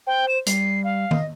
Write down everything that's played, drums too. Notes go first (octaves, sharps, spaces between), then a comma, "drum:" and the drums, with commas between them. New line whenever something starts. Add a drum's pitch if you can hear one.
C5 G5
E7
G3 C7, drum: hi-hat
F5
D#5, drum: tom D#3